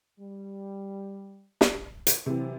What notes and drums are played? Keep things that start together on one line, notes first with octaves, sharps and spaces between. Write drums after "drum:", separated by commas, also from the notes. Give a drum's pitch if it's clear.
G3
drum: snare
drum: hi-hat
C3 E3 F#3 C4